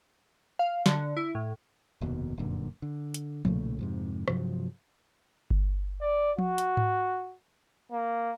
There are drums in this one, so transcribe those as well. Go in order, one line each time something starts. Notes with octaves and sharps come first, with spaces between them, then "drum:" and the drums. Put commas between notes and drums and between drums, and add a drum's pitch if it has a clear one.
F5
D3, drum: snare
E4
A2
F1 D#2 B2
F1 F#2 A#2 D3
D3
drum: hi-hat
B1 A#2 C#3 A3, drum: tom F3
F2 G#2 C3
G2 C3 F3 F#3, drum: rim click
drum: kick G1
D5
F#4, drum: tom F3
drum: hi-hat
drum: tom G#2
A#3